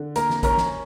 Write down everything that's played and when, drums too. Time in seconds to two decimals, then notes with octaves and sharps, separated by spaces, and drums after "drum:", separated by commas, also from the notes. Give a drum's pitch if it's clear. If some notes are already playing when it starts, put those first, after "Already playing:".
Already playing: D3
0.16 A#3 A#4 A#5, drum: hi-hat
0.30 drum: snare
0.43 C#4 A#4 A#5, drum: kick, hi-hat
0.57 drum: snare